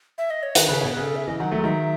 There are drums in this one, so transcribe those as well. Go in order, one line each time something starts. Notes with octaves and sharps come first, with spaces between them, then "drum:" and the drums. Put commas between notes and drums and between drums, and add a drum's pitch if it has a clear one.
E5
D#5
C#5
D#3 B4, drum: hi-hat
C#3 B4
B2 C#5
B4
C#3
A4
E5
C#3 E3 D#5
D#3 F#3 F#5
F#3 A3 E5
G#3
D#3 F#3 E5